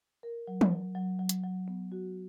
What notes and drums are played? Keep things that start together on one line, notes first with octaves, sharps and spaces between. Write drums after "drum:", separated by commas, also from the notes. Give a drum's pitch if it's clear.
A#4
F#3
drum: tom E3
F#3
F#3
F#3
drum: hi-hat
F#3
B3
F#4